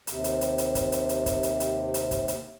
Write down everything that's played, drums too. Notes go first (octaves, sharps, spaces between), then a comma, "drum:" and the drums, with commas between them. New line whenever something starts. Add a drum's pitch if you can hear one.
D#2 C3, drum: hi-hat
drum: hi-hat
drum: hi-hat
drum: hi-hat
drum: kick, hi-hat
drum: hi-hat
drum: hi-hat
drum: kick, hi-hat
drum: hi-hat
drum: hi-hat
drum: hi-hat
drum: kick, hi-hat
drum: hi-hat